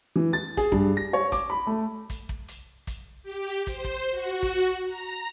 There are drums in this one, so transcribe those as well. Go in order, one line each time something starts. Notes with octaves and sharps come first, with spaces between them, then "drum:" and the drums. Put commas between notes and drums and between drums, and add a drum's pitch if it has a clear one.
E3
A6
G#4, drum: kick, hi-hat
G2, drum: kick
A#6
C#5
D6, drum: kick, hi-hat
B5
A3
drum: kick, hi-hat
drum: kick
drum: hi-hat
drum: kick, hi-hat
G4
C5, drum: kick, hi-hat
drum: kick
F#4
drum: kick
A#5